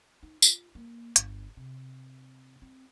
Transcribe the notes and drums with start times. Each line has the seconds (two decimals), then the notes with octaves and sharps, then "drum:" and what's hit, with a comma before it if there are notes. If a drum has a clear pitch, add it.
0.23 D#4
0.42 F4, drum: tambourine
0.75 A#3
1.16 G1, drum: hi-hat
1.57 C3
2.62 C4